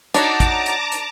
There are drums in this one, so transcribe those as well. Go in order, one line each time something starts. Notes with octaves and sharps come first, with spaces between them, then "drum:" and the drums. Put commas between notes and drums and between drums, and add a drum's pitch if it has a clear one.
D4 D#4 F#4 C#5 A5 A#5 D6, drum: hi-hat
drum: kick, hi-hat
drum: hi-hat
drum: hi-hat